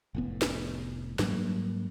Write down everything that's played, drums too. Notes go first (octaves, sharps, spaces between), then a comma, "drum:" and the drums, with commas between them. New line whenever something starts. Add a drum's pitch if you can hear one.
F1 A2 B3
drum: snare
G#2 F#3 G3 A#3, drum: snare